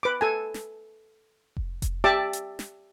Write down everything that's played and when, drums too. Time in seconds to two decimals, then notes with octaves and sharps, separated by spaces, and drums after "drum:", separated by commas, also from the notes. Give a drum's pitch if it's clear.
0.03 B4 D6
0.21 A4 G#5
0.54 drum: snare
1.57 drum: kick F1
1.82 drum: kick F1, hi-hat
2.04 G4 D5 E5 A5 D6
2.33 drum: hi-hat
2.59 drum: snare